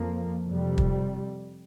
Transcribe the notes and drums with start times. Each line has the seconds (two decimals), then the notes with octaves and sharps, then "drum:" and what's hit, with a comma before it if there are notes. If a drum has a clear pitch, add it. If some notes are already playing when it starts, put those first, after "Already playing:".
Already playing: F2 F3 A#3
0.47 F2 C3 G3
0.78 drum: kick